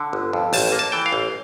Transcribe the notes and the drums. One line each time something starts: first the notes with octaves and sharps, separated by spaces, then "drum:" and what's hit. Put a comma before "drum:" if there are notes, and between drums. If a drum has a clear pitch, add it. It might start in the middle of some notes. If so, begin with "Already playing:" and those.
Already playing: D3
G1
F2
A1 A5, drum: open hi-hat
A#3
A5
E3 G5
F5
A1